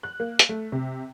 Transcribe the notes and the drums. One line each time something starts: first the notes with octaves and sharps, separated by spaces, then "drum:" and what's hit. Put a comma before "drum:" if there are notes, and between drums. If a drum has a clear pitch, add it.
F#6
A#3
drum: hi-hat
A3
C3